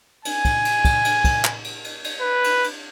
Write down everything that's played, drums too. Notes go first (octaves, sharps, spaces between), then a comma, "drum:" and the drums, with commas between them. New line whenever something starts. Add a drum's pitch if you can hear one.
G#5, drum: cymbal
drum: kick, cymbal
drum: cymbal
drum: kick, cymbal
drum: cymbal
drum: kick, cymbal
drum: clap
drum: cymbal
drum: cymbal
drum: cymbal
B4
drum: cymbal
drum: cymbal